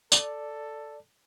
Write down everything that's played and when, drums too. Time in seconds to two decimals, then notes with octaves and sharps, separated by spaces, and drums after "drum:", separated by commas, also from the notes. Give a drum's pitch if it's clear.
0.12 A4 D5, drum: tambourine